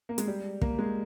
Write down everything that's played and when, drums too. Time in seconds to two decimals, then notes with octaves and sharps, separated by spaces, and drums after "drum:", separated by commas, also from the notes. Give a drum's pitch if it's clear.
0.09 A#3
0.18 G#3, drum: hi-hat
0.27 G3
0.61 A#3, drum: kick
0.79 G#3